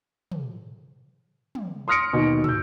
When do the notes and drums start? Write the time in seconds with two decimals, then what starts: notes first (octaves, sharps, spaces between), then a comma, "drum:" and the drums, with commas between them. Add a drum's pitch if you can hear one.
0.32 drum: tom
1.55 drum: tom
1.88 C6 D#6 F6 A#6 C#7 D7
2.13 D#2 B2
2.44 E6 G6, drum: tom